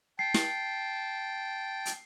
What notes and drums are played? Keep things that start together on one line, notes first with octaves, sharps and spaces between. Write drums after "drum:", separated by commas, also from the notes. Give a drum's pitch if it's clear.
G5 A5 C7
drum: snare
drum: hi-hat